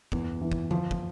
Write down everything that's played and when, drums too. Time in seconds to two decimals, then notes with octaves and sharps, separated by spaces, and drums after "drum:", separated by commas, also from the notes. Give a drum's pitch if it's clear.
0.12 E2, drum: kick
0.41 E3
0.52 drum: kick
0.71 F3, drum: tom D3
0.91 drum: kick